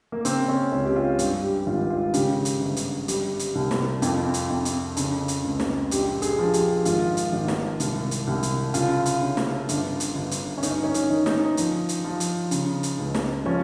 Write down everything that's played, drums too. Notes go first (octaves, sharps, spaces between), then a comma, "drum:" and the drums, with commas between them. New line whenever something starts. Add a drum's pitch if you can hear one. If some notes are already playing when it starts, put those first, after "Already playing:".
A#3
C#3 C4, drum: hi-hat
C#4
C#2 C#4
G4
F4
G2, drum: hi-hat
G4
G#1 F4
F4
C#3 G4, drum: hi-hat
drum: hi-hat
G1
drum: hi-hat
G3, drum: hi-hat
drum: hi-hat
C2
drum: snare
F2 F4, drum: hi-hat
drum: hi-hat
F2
drum: hi-hat
C#3, drum: hi-hat
drum: hi-hat
C#2
drum: snare
A#1 G4, drum: hi-hat
G#4, drum: hi-hat
F3
G4, drum: hi-hat
G#1 F4, drum: hi-hat
drum: hi-hat
G#1
drum: snare
C2, drum: hi-hat
drum: hi-hat
C2
drum: hi-hat
C#3 F4, drum: hi-hat
drum: hi-hat
C#3
drum: snare
G1, drum: hi-hat
drum: hi-hat
G1
drum: hi-hat
C#4
G1 D#4, drum: hi-hat
C#4
D#4, drum: hi-hat
D#3
D#4, drum: snare
F3, drum: hi-hat
drum: hi-hat
F3
drum: hi-hat
C#3, drum: hi-hat
drum: hi-hat
C#2
drum: snare
F3 C#4